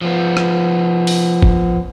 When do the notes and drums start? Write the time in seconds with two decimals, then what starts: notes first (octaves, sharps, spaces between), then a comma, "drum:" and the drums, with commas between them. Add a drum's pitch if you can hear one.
0.01 F3 B3
0.37 drum: rim click
1.07 drum: open hi-hat
1.42 drum: kick G1